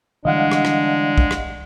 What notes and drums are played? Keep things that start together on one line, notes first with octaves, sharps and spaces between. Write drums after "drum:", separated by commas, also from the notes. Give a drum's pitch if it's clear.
D3 E3 G3 G#3 D4 D#5 F5 F#5
drum: rim click
drum: rim click
drum: kick
drum: rim click